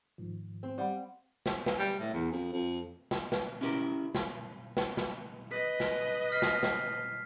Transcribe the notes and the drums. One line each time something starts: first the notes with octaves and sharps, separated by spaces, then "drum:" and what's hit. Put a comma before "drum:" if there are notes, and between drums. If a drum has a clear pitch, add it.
G#2 D#3 F3
C4
G3 F5 F#5 B5
drum: snare
drum: snare
G3
A2
E2
F2
F2
drum: snare
drum: snare
C#4 E4 G4 A4 A#4
drum: snare
drum: snare
drum: snare
B4 D#5 B6
drum: snare
F6 B6 C7
drum: snare
drum: snare